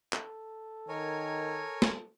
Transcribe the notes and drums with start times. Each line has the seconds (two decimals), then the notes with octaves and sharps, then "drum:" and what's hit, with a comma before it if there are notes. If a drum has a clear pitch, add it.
0.13 A4, drum: clap
0.88 D#3 A#4 C#5 G#5
1.82 drum: snare